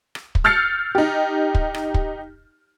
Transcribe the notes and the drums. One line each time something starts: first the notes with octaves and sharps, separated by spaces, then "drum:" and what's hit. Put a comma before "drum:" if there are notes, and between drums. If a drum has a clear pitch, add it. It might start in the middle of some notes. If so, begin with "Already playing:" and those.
drum: rim click
drum: kick
E6 F6 G6 A6 C7 C#7
D#4 G4
drum: kick
drum: rim click
drum: kick